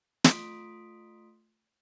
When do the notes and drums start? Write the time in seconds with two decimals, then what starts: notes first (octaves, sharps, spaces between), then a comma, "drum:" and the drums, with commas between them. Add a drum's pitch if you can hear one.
0.24 A3 F4 C6 D#6 B6 D7, drum: snare